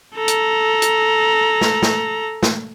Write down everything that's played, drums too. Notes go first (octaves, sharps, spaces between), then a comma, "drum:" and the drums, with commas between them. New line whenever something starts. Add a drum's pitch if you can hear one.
A4 A#5
drum: hi-hat
drum: hi-hat
drum: snare
drum: snare
drum: snare